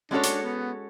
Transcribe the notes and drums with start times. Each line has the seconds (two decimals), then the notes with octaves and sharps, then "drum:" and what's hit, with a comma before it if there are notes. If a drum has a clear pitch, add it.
0.11 G#3 C#4 D4 F#4 A4 C#5
0.23 drum: hi-hat
0.43 B3